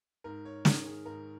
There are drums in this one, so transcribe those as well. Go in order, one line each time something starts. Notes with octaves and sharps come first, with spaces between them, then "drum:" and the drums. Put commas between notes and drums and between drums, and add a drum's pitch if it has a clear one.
G#2 A#4
C#5
D#3 A#4, drum: snare
G#4
G#2 A#4